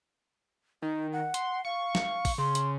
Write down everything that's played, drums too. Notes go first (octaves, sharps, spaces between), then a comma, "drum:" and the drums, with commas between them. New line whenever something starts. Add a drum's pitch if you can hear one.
D#3 D#4
F#5
C6, drum: hi-hat
F5 C#6
drum: snare
drum: kick, open hi-hat
C#3 C6
drum: hi-hat